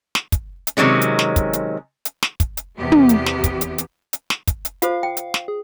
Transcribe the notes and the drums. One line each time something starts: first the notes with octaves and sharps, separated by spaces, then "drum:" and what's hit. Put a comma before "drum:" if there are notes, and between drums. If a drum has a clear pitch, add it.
drum: snare
drum: kick, hi-hat
drum: hi-hat
C3 D#3 F#3 G#3 C#4
drum: hi-hat
drum: snare
drum: kick, hi-hat
drum: hi-hat
drum: hi-hat
drum: snare
drum: kick, hi-hat
drum: hi-hat
E2 C3 B3 G4
drum: tom
drum: hi-hat
drum: snare
drum: kick, hi-hat
drum: hi-hat
drum: hi-hat
drum: hi-hat
drum: snare
drum: kick, hi-hat
drum: hi-hat
F4 A4 C5 F5, drum: hi-hat
G5
drum: hi-hat
drum: snare
G#4